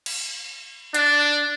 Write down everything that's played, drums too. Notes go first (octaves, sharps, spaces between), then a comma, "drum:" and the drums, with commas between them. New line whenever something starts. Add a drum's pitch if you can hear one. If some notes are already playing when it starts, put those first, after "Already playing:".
drum: cymbal
D4, drum: hi-hat